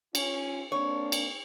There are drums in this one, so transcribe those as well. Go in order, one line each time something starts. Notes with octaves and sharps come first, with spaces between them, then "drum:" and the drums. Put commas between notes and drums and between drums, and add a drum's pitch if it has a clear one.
C#4 F4, drum: cymbal
A#3 C4 D4 C#5
drum: cymbal